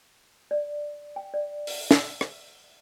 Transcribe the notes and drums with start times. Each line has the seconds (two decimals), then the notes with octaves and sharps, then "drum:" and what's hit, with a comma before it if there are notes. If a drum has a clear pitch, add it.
0.51 D5
1.16 G5
1.34 D5
1.67 drum: open hi-hat
1.91 E6, drum: snare
2.21 drum: rim click